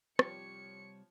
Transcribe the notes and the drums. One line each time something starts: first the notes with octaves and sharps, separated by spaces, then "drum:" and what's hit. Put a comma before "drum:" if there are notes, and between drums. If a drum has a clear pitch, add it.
C3 F3 G3 G4 C#5 C#7, drum: rim click